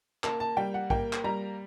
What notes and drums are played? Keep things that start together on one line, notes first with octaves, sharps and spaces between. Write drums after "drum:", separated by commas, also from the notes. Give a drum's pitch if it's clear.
A#3 A5, drum: clap
A5
G3 G5
F#5
A#3 G5, drum: kick A#1
drum: clap
G3 A#5